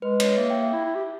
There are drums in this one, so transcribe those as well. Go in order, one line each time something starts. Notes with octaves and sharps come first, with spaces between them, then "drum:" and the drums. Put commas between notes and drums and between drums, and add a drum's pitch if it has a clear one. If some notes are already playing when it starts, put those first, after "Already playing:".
G#3 B4
C#5, drum: cymbal
A#3 E5
G5
E5
E4
E4
G4